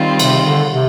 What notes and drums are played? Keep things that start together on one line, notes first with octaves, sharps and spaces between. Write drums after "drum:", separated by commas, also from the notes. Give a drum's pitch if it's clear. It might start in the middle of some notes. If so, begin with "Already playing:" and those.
Already playing: D#3 G3 C4 F4
C3, drum: cymbal
D3
C3